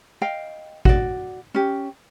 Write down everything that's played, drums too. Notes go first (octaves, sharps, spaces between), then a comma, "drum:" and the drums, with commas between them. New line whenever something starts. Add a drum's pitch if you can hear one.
D#5 F5 G5
F#4 D5, drum: kick G#1
C#4 G4